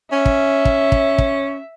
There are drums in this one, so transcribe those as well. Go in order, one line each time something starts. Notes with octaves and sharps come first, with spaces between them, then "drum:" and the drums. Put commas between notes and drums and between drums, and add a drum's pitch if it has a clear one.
C#4 E5
drum: kick
drum: kick
drum: kick
drum: kick